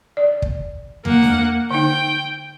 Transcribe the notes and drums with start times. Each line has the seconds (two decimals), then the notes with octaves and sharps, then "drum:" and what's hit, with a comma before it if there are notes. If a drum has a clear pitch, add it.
0.17 D5
0.42 drum: kick
1.05 A#3 F#5, drum: tom E2
1.23 drum: snare D4
1.71 D3 D#4 G5